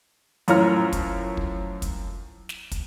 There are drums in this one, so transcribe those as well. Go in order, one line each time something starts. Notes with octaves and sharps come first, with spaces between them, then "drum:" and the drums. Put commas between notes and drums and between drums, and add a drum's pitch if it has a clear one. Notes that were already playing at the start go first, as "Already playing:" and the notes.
F#2 A2 F3 C#5 A#5 F6, drum: hi-hat
drum: kick, hi-hat
drum: kick
drum: kick, hi-hat
drum: snare
drum: kick, hi-hat